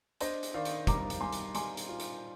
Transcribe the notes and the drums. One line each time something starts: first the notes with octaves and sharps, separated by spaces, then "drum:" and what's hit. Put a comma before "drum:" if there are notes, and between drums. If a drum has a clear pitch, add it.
D4 C5 D#5, drum: hi-hat
drum: hi-hat
D#3 D5 F5
drum: hi-hat
G3 A#5 D6, drum: kick, hi-hat
drum: hi-hat
G3 G#5 C6
drum: hi-hat
G3 G#5 C6, drum: hi-hat
drum: hi-hat
F4
drum: hi-hat